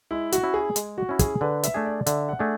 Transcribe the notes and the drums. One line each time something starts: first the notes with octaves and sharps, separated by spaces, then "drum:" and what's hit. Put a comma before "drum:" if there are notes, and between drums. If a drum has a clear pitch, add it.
G#3 E4
F#4, drum: hi-hat
C#4 E4
G#4
G#3, drum: hi-hat
F#4
C#4 E4
G#4, drum: kick, hi-hat
D3 B4
E5, drum: hi-hat
A3 D4 G#4
D5
D3 E5, drum: hi-hat
F#5
A3 D4 G#4